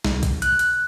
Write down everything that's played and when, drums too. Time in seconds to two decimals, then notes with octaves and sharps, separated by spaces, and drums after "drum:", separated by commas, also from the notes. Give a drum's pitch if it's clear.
0.04 C2, drum: snare
0.23 drum: kick B1, hi-hat
0.42 F#6, drum: hi-hat
0.59 drum: hi-hat